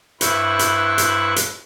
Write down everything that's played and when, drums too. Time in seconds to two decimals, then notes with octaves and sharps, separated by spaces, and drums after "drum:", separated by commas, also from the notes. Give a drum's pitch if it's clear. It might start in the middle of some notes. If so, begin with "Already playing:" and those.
0.21 G2 E4 B4 C5 C#6 F#6, drum: hi-hat
0.59 drum: hi-hat
0.98 drum: hi-hat
1.36 drum: hi-hat